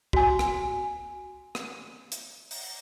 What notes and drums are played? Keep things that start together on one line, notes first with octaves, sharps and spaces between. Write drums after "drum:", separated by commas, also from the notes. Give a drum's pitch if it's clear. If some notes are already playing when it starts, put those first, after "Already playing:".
F#4 G#5, drum: kick
drum: rim click
drum: rim click
drum: hi-hat
drum: open hi-hat